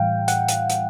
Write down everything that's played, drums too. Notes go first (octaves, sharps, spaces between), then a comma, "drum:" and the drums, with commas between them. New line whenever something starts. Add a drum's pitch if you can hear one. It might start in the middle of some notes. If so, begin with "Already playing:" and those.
Already playing: A2 E3 G3 F5 G5
F#5, drum: hi-hat
drum: hi-hat
drum: hi-hat